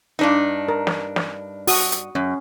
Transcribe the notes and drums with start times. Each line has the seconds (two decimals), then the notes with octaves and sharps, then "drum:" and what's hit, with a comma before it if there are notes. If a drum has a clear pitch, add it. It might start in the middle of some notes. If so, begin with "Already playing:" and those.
0.19 G2 D4 D#4
0.68 A#4
0.87 drum: snare
1.16 drum: snare
1.67 F#4 D#6, drum: open hi-hat
1.92 drum: hi-hat
2.15 F#2 C#4